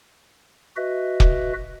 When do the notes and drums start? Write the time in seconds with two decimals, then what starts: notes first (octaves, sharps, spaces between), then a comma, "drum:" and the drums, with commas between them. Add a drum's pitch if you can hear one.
0.77 F#4 B4 D#5 E5
1.20 drum: kick